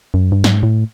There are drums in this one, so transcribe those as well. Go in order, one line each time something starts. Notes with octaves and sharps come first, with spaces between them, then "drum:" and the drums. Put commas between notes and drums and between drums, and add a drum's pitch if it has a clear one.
F#2
G2
G#2, drum: snare
A2